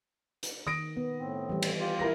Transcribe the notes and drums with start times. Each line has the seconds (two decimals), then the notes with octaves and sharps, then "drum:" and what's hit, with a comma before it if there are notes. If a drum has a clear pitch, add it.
0.43 drum: hi-hat
0.67 D#3 D#6 A#6 D7
0.97 B3
1.20 A2 C4
1.49 E3 G3
1.63 drum: cymbal
1.80 F4 G4
1.99 E4 A#4 A#6